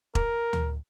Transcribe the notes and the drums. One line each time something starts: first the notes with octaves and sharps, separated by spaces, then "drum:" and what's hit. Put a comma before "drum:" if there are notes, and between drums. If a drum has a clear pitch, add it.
A#4, drum: kick E1
drum: tom D2